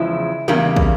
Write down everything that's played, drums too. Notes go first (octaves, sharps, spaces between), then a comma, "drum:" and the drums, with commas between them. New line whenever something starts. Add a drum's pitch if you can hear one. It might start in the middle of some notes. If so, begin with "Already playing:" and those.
Already playing: E2 C#3 F3 G#3 E4
E2 C#3 G3 A#3, drum: tom
drum: kick